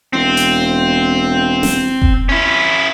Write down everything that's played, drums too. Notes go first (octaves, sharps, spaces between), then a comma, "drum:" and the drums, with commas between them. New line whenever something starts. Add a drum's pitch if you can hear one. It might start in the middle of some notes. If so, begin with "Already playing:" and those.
E1 C4
drum: hi-hat
drum: snare
drum: kick F1
C#4 E4